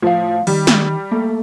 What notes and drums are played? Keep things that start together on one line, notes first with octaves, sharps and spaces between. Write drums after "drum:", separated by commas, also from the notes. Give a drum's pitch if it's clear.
A2 F3 F5
D#3 G3, drum: open hi-hat
drum: snare
A3 A#3